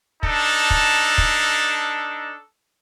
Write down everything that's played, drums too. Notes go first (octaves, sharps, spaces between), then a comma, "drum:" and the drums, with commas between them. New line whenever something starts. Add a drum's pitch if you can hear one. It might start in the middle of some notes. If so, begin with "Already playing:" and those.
D4 D#4 A4, drum: kick
drum: kick
drum: kick